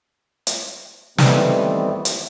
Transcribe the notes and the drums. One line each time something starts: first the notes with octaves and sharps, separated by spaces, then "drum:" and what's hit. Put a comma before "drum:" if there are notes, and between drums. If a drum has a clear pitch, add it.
drum: hi-hat
D#3 E3 G3 A3 B3 C4, drum: snare
drum: hi-hat